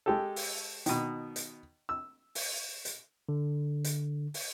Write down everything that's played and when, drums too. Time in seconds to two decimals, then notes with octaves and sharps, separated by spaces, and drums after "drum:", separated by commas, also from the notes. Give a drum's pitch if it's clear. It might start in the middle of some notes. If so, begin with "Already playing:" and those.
0.06 G#3 G4 A4
0.36 drum: open hi-hat
0.86 B2 D#3, drum: hi-hat
1.36 drum: hi-hat
1.89 E6
2.35 drum: open hi-hat
2.85 drum: hi-hat
3.29 D3
3.84 drum: hi-hat
4.34 drum: open hi-hat